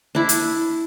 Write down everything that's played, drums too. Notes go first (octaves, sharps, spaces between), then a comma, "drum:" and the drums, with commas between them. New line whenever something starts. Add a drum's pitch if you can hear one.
D4 E4
drum: hi-hat